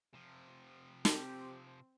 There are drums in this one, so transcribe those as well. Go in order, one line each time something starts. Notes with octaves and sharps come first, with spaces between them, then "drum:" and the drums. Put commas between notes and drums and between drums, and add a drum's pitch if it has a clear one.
C3 F3
C4 G4 A4, drum: snare